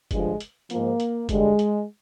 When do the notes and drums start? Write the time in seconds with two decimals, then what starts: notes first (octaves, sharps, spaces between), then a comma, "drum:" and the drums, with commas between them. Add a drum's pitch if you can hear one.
0.11 G2 D3 F3 G#3, drum: kick, hi-hat
0.40 drum: hi-hat
0.70 G#2 F3 A#3, drum: hi-hat
1.00 drum: hi-hat
1.29 G2 D3 G3 G#3, drum: kick, hi-hat
1.59 drum: hi-hat